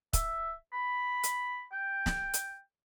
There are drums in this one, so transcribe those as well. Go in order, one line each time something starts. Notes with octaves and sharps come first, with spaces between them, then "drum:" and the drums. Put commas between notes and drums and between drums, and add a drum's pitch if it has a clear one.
E5, drum: kick C#1, hi-hat
B5
drum: hi-hat
G5
drum: snare
drum: hi-hat